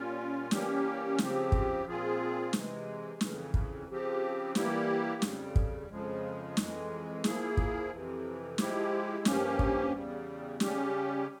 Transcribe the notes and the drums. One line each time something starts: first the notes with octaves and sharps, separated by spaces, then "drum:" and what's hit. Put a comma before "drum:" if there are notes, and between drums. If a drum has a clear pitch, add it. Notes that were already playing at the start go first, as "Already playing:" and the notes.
Already playing: A#2 G3 C#4 F4
E3 G3 A#3 C#4 G4, drum: snare
C#3 F3 C4 G4, drum: snare
drum: kick
A#2 F3 C4 F4 G#4
C3 E3 G#3, drum: snare
F2 C#3 E3, drum: snare
drum: kick
C#3 F3 C4 G4
E3 G3 A#3 E4 G4, drum: snare
F2 C#3 G3, drum: snare
drum: kick
F2 C#3 F3 G#3
F2 E3 G#3, drum: snare
F3 A#3 E4 G#4, drum: snare
drum: kick
F2 C3 E3
F3 G#3 E4 G4, drum: snare
G2 F3 A#3 C#4 G4, drum: snare
drum: kick
E2 C#3 G3
C#3 G3 C#4 G4, drum: snare